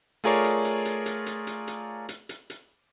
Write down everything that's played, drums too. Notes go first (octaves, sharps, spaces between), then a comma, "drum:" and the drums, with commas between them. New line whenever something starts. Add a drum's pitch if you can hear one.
A3 F4 G#4 A#4 C#5 D5
drum: hi-hat
drum: hi-hat
drum: hi-hat
drum: hi-hat
drum: hi-hat
drum: hi-hat
drum: hi-hat
drum: hi-hat
drum: hi-hat
drum: hi-hat